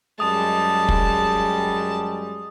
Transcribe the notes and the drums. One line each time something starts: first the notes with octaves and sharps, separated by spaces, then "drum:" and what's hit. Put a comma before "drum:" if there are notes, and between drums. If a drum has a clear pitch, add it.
F#2 G3 G#3 A5 D#6
drum: kick